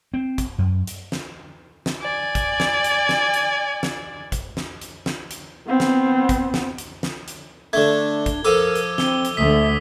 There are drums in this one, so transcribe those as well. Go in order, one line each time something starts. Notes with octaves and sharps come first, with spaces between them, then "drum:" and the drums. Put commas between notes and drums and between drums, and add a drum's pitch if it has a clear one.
C4
drum: kick, hi-hat
F#2
drum: hi-hat
drum: snare
drum: snare
D5 G#5
drum: kick, hi-hat
drum: snare
drum: hi-hat
drum: snare
drum: hi-hat
drum: snare
drum: kick, hi-hat
drum: snare
drum: hi-hat
drum: snare
drum: hi-hat
B3 C4
drum: snare
drum: kick, hi-hat
drum: snare
drum: hi-hat
drum: snare
drum: hi-hat
D3 A3 D4 G#6 G7
drum: kick, hi-hat
F3 A4 A#4 D6 E6 D#7
drum: hi-hat
C4 G7, drum: snare
drum: hi-hat
D2 D3 A3 E5 D#6 B6